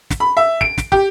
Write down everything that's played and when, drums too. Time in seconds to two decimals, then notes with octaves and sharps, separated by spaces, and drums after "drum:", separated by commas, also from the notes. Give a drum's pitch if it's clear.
0.10 drum: snare
0.20 B5
0.37 E5
0.61 D7, drum: kick
0.78 drum: snare
0.92 G4, drum: kick